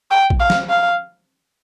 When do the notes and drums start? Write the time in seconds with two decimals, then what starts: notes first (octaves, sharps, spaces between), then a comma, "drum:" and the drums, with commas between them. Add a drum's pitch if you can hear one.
0.11 G5
0.30 drum: kick
0.40 F5
0.50 drum: snare
0.69 F5